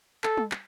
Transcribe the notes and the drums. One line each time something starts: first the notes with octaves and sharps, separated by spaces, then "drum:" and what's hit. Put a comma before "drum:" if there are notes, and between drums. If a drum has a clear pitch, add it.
A4, drum: clap
drum: tom
drum: clap